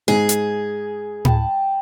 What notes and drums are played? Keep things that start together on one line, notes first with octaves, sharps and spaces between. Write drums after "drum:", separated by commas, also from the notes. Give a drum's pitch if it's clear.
G#2 G#4
drum: hi-hat
G5 A5 B5, drum: tom A2